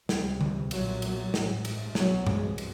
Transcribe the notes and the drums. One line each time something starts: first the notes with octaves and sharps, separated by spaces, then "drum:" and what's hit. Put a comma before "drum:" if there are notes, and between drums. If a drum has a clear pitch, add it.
C#2 C3 G3, drum: snare
G3, drum: tom D3
B1 A#2 F#3, drum: cymbal
F#3, drum: cymbal
A1 G#2, drum: snare
drum: cymbal
C2 B2 F#3, drum: snare
G#3, drum: tom G2
drum: cymbal